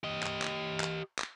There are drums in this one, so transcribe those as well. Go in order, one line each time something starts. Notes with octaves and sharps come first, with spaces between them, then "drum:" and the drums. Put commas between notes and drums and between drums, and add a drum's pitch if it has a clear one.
G4 D#5
drum: clap
drum: clap
drum: clap
drum: clap